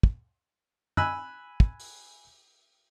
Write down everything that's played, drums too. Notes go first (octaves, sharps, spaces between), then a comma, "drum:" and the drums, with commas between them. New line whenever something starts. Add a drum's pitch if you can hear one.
drum: kick
G#5 B5 E6 F#6, drum: tom
drum: kick
drum: open hi-hat